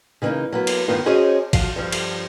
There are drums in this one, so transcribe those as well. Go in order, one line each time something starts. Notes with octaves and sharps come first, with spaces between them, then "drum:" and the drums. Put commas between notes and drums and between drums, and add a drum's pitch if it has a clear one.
C#3 E3 A3 A#3 D#4
F#3 A#3 B3
drum: cymbal
G2 D#3 B3 F4
C#4 F#4 G#4 C5 C#5 D#5
F3 F#4 F5, drum: kick A1, cymbal
G2 F3 G3
drum: cymbal